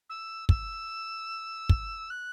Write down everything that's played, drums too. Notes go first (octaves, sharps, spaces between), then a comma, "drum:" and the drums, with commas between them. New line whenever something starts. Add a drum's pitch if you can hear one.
E6
E6, drum: kick
drum: kick
F#6